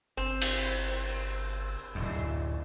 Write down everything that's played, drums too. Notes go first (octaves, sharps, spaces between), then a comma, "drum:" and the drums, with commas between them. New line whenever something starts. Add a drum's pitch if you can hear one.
G1 C4
drum: cymbal
D1 G#1 F#2